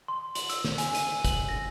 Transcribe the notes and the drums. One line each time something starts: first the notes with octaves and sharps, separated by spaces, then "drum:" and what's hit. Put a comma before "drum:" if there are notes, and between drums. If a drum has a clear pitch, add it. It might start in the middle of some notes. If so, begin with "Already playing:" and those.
C6
F#7, drum: hi-hat
E6, drum: hi-hat
drum: snare
G#5, drum: hi-hat
D#7, drum: hi-hat
F#7, drum: kick F#1, hi-hat
A#6